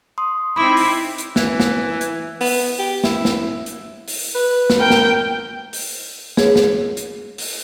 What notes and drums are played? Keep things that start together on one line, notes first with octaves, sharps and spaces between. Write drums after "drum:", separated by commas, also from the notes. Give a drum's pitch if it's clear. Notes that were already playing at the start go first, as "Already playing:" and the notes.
C6 D#6
C4 D#4 E4 B5 D6
drum: open hi-hat
drum: hi-hat
E3, drum: snare
drum: snare
drum: hi-hat
B3, drum: open hi-hat
G4
E4, drum: snare
drum: snare
drum: hi-hat
drum: open hi-hat
B4
drum: snare
A#4 G5
drum: snare
drum: open hi-hat
G#4 C#5, drum: snare
drum: snare
drum: hi-hat
drum: open hi-hat